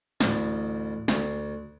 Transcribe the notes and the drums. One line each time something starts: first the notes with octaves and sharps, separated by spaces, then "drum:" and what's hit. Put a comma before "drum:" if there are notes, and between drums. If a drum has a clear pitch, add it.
A1 D2, drum: snare
D2, drum: snare